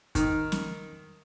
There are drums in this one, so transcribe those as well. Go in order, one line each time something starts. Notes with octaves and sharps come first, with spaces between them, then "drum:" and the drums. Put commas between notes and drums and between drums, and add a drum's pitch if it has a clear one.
D#3, drum: kick, hi-hat
drum: snare